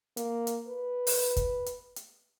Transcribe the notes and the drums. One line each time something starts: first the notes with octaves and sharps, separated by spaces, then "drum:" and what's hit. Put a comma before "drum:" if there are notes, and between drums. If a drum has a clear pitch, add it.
A#3, drum: hi-hat
drum: hi-hat
B4
drum: open hi-hat
drum: kick, hi-hat
drum: hi-hat
drum: hi-hat